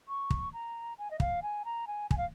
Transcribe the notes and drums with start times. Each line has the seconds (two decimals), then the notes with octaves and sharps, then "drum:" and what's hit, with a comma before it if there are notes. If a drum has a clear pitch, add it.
0.08 C#6
0.30 drum: kick
0.53 A#5
0.98 G#5
1.11 D#5
1.20 F5, drum: kick
1.42 G#5
1.65 A#5
1.87 G#5
2.11 G#5, drum: kick
2.18 F5